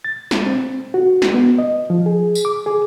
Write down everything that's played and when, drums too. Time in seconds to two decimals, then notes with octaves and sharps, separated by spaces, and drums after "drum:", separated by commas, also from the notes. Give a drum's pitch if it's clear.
0.05 A6
0.31 drum: snare
0.47 C4
0.94 F#4
1.22 drum: snare
1.34 B3
1.58 D#5
1.90 F3
2.06 G#4
2.35 drum: tambourine
2.45 D6
2.66 G#4